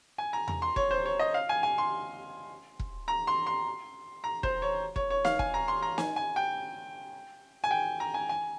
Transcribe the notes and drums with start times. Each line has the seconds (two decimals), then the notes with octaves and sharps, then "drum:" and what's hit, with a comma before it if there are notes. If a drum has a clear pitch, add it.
0.18 G#5
0.33 A#5
0.48 A#5, drum: tom E2
0.62 C6
0.76 C#5, drum: kick E1
0.91 C5
1.06 C#5
1.19 D#5
1.34 F5
1.49 G#5
1.63 G#5
1.78 C6
2.79 drum: kick E1
3.08 A#5
3.27 C6
3.46 C6
4.24 A#5
4.43 C5, drum: kick E1
4.62 C#5
4.96 C#5, drum: kick E1
5.10 C#5
5.25 F5, drum: snare
5.39 G#5, drum: kick E1
5.54 A#5
5.68 C6
5.82 A#5
5.98 G#5, drum: snare
6.16 G#5
6.36 G5
7.64 G#5
7.71 G5
8.00 A#5
8.14 G#5
8.29 G#5